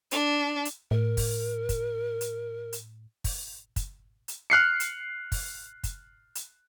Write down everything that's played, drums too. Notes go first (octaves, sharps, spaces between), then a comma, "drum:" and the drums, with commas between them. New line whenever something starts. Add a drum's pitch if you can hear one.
D4, drum: hi-hat
drum: hi-hat
A2 A#4
drum: kick, open hi-hat
drum: kick, hi-hat
drum: hi-hat
drum: hi-hat
drum: kick, open hi-hat
drum: kick, hi-hat
drum: hi-hat
F6 F#6 C7 C#7
drum: hi-hat
drum: kick, open hi-hat
drum: kick, hi-hat
drum: hi-hat